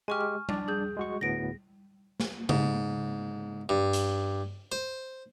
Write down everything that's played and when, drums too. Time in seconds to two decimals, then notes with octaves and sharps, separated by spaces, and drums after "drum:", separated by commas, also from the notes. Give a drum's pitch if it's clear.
0.08 G#3 G4 G#5 C#6 F6
0.21 F6
0.49 D4 D5, drum: tom G3
0.68 G#4 G6
0.97 G#3 F#4 C#6
1.21 D2 A2 B3 A#6 D7
2.20 drum: snare
2.49 G#2, drum: tom C#3
3.69 G2
3.93 drum: hi-hat
4.72 C5